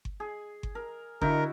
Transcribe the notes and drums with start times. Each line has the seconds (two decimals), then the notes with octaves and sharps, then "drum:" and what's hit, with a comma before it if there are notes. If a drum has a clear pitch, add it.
0.05 drum: kick G1
0.20 G#4
0.63 drum: kick G1
0.75 A#4
1.22 D3 D#4 E4 F#4 A#4, drum: kick G1